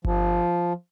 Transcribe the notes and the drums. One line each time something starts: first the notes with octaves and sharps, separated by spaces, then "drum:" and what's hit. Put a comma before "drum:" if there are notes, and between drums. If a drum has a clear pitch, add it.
F3, drum: kick G1